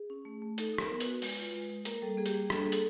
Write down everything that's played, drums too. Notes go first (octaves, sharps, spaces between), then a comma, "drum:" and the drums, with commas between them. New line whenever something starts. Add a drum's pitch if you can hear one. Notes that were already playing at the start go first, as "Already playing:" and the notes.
Already playing: G#4
C#4
A3
A3
D#4 A4, drum: hi-hat
D#4 A4
A#4, drum: rim click
B3
B4, drum: hi-hat
F#4
G#3, drum: open hi-hat
F4
G#3
G#3
A#3 A#4, drum: hi-hat
G3 A4
A#3 G#4
G4, drum: hi-hat
G3 G#4
D4 A4, drum: rim click
G#4
A#3
A4, drum: hi-hat